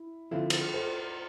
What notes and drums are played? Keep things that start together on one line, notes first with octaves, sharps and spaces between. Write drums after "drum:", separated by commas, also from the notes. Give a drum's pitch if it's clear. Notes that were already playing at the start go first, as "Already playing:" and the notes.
Already playing: E4
D3 F3 C4 E4 F4 A4
drum: cymbal
A4 C5